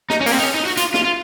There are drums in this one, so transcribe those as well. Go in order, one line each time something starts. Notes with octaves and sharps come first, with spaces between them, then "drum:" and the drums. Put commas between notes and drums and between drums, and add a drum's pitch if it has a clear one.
D#4, drum: snare
C#4
A#3, drum: open hi-hat
C4
D#4
C#4
D#4
F#4
F4, drum: hi-hat
F4, drum: snare
F4